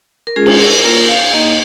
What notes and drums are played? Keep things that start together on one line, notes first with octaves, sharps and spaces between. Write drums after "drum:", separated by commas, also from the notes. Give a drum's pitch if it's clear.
A#4
G#3 C#4 F4 G#4
drum: cymbal
A#4
A#3 F4 A#4
F5
A#3 D#4 D#5